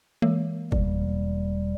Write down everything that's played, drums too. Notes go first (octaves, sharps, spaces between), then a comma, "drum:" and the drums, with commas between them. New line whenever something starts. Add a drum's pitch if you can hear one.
E3 G#3 A#3
E1 G3, drum: kick